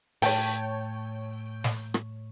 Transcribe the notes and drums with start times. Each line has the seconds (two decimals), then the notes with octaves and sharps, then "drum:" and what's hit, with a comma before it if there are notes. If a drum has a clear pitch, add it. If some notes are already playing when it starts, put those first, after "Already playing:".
0.22 A2 C#5 G5 A5, drum: open hi-hat
1.64 drum: snare
1.94 drum: rim click